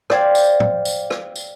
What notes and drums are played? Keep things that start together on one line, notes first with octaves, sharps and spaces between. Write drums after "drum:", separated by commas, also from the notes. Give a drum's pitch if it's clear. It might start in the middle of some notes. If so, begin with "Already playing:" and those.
C5 D5 F5 G5 G#6, drum: rim click
drum: tambourine
drum: tom
drum: tambourine
drum: rim click
drum: tambourine